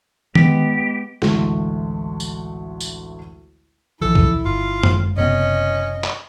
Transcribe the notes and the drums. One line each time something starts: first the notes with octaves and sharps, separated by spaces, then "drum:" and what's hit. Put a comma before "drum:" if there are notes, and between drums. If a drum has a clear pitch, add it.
G#3 B3 G4, drum: tom D#3
A1 D2 G#3 A3, drum: snare
drum: tambourine
drum: tambourine
B1 E3 F3 E4 A4
drum: kick
G1 F4
drum: tom F#2
F#1 C3 B3 C#4 D#5
drum: clap